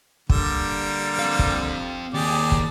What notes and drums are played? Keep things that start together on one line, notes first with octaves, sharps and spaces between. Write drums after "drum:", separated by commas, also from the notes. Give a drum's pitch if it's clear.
D3 G3 A#3, drum: kick
C4 F5
drum: kick
D#2 G4 G#4 D5
drum: kick